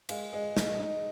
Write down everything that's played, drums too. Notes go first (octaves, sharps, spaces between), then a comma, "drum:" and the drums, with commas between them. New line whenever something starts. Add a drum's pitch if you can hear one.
G#3 F5, drum: cymbal
G#3
D#4, drum: snare
D#4